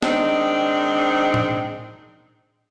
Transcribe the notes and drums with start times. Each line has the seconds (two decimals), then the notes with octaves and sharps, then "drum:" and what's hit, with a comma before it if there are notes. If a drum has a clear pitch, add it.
0.02 D#3 G#3 C4 D4 D#4, drum: snare
1.34 drum: tom A2